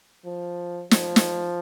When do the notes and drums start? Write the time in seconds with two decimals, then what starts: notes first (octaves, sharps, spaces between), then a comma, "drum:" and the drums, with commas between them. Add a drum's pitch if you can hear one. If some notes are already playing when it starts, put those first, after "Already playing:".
0.25 F3
0.91 F3, drum: snare
1.16 drum: snare